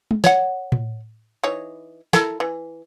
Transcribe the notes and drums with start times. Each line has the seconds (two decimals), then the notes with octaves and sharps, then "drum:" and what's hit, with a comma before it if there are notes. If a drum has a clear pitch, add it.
0.11 drum: tom G#3
0.24 C#5 F#5, drum: snare
0.72 drum: tom A2
1.43 E3 D#4 C#5
2.13 E4 A4 A#4, drum: snare
2.40 E3